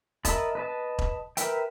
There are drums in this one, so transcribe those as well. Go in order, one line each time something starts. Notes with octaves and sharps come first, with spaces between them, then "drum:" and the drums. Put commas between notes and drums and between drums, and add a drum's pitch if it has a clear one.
A#4 D#5 E5 A5 B5, drum: kick E1, hi-hat
B4 D#5 A5
drum: kick E1
A#4 B4 E5 G5, drum: hi-hat